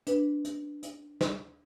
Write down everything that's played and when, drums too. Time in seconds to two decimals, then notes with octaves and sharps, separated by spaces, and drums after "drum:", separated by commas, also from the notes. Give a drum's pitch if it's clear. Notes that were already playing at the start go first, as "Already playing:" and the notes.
0.07 D4 B4, drum: hi-hat
0.45 drum: hi-hat
0.83 drum: hi-hat
1.21 drum: snare